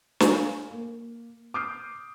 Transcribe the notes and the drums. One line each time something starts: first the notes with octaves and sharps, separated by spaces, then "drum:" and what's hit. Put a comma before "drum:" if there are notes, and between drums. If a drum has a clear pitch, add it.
A4 F5 G#5, drum: snare
A#3
D6 D#6 F6 G6 C7